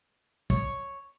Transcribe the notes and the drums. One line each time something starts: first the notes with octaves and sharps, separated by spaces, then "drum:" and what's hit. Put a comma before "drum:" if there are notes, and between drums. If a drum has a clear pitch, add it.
C#5, drum: kick